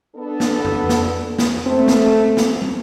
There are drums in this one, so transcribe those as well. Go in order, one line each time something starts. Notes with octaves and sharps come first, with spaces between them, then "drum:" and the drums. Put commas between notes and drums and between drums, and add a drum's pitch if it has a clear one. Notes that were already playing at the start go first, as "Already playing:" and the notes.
B3 D4 A4
drum: snare
drum: tom F2
drum: snare
drum: snare
A3 C4
drum: snare
drum: snare
drum: tom